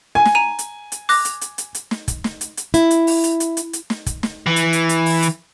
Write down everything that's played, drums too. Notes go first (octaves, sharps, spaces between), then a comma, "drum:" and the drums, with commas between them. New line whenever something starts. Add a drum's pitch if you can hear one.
G#5
drum: snare
A#5 D#7
drum: hi-hat
drum: hi-hat
D6 F#6 A#6, drum: open hi-hat
drum: hi-hat
drum: hi-hat
drum: hi-hat
drum: hi-hat
drum: snare
drum: kick, hi-hat
drum: snare
drum: hi-hat
drum: hi-hat
E4, drum: hi-hat
drum: hi-hat
drum: open hi-hat
drum: hi-hat
drum: hi-hat
drum: hi-hat
drum: hi-hat
drum: snare
drum: kick, hi-hat
drum: snare
E3
drum: hi-hat
drum: hi-hat
drum: hi-hat
drum: open hi-hat
drum: hi-hat